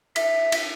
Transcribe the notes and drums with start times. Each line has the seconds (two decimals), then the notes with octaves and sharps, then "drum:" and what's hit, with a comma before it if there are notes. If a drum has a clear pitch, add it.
0.16 E5, drum: cymbal
0.52 drum: cymbal